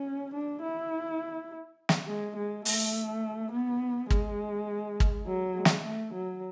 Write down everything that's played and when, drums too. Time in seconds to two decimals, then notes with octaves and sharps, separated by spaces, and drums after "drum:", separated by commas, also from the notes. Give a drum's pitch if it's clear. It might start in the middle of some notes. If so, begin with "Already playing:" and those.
Already playing: C#4
0.34 D4
0.63 E4
1.89 drum: snare
2.07 G#3
2.36 G#3
2.65 A3, drum: open hi-hat
3.52 B3
4.10 G#3, drum: kick
5.00 drum: kick
5.27 F#3
5.56 G#3
5.65 drum: snare
5.84 A3
6.14 F#3